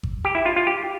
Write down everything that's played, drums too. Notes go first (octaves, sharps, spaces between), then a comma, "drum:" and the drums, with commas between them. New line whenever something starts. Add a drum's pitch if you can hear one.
drum: kick G#1
G4
E4
F4
F4
G4